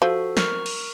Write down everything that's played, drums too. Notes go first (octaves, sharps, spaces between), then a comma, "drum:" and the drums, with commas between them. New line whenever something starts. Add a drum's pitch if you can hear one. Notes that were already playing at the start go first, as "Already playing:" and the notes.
F3 F#4 A4
A#4 C#6 F6, drum: snare
drum: cymbal